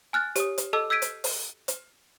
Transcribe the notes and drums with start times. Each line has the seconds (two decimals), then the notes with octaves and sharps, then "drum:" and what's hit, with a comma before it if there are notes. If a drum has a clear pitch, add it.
0.13 G#5 F6 F#6 A6
0.36 G4 C#5 D#6, drum: hi-hat
0.58 drum: hi-hat
0.73 A4 D#5 A5 D6 E6
0.90 E6 G6 G#6 B6 D7 D#7
1.02 drum: hi-hat
1.24 drum: open hi-hat
1.68 drum: hi-hat